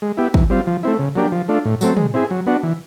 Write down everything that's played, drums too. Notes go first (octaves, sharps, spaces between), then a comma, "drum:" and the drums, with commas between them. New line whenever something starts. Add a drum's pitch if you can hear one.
G#3
B3 E4 G4
E3, drum: kick
G3 C4 F4
F3
A3 C4 E4
C#3
F#3 A#3 D4 G4
F3
A3 D4 F4
A2
F#3 A3 C4, drum: tambourine
G#3, drum: tom
C4 E4 G#4
F#3
B3 D4 F#4
E3